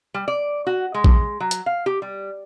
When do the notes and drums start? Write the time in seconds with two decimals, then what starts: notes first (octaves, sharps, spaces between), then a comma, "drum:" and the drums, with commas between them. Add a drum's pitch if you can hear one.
0.14 G3
0.28 D5
0.67 F#4
0.94 G#3
1.04 drum: kick A#1
1.40 F#3
1.51 drum: hi-hat
1.66 F5
1.86 G4
2.02 G3